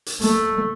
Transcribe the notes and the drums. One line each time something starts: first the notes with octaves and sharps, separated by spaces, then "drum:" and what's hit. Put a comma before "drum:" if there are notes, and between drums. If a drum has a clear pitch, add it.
drum: hi-hat
A3, drum: hi-hat